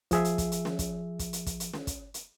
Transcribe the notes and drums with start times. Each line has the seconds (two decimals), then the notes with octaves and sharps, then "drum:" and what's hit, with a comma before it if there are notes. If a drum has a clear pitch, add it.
0.11 F3 G#4 E5, drum: kick, hi-hat
0.25 drum: hi-hat
0.38 drum: kick, hi-hat
0.52 drum: hi-hat
0.65 drum: snare
0.79 drum: kick, hi-hat
1.19 drum: kick, hi-hat
1.33 drum: hi-hat
1.46 drum: kick, hi-hat
1.60 drum: hi-hat
1.73 drum: snare
1.87 drum: kick, hi-hat
2.14 drum: hi-hat